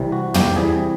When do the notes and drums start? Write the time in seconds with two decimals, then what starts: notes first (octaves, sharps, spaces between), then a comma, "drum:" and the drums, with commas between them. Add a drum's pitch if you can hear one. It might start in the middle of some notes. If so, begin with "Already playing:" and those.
Already playing: C2 C3 E3 G3
0.12 F#4
0.34 G4, drum: tom
0.56 C2 C3 E3 G3 G#4
0.72 G#4